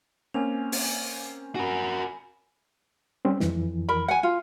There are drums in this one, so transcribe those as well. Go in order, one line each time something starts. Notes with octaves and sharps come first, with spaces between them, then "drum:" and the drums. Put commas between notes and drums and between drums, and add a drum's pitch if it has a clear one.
A#3 C4 C#4 G#5 F7
drum: open hi-hat
F#4 A#4 G#5 B5
G3 C4 C#4
F2 E3, drum: snare
A#4 B5
F#5 G#5
F4